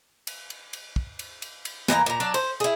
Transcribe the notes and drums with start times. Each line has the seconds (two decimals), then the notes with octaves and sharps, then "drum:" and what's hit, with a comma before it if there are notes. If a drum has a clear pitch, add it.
0.27 drum: cymbal
0.50 drum: cymbal
0.73 drum: cymbal
0.96 drum: kick
1.19 drum: cymbal
1.42 drum: cymbal
1.65 drum: cymbal
1.88 E3 A#3 D#5 A#5, drum: snare
2.06 A#2 A#5
2.20 F#3 D4 D5
2.34 C5, drum: cymbal
2.60 E4 G#4